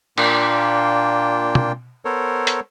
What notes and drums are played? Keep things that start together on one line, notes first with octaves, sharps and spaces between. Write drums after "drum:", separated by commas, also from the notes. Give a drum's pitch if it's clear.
A#2 A#3 D4 F4 G5, drum: cymbal
drum: tom
B3 A4 A#4 C5 C#5
drum: hi-hat